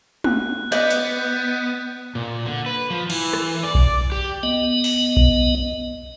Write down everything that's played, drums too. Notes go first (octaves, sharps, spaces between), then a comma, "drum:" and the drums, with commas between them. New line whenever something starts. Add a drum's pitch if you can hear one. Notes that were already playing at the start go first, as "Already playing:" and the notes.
F#6, drum: tom
B3 D5 D#5 F#6 G6, drum: hi-hat
drum: hi-hat
A#2
D3
B4
F3
E3, drum: cymbal
drum: rim click
D5
drum: kick B1
G4
B3 D#5
drum: open hi-hat
drum: kick B1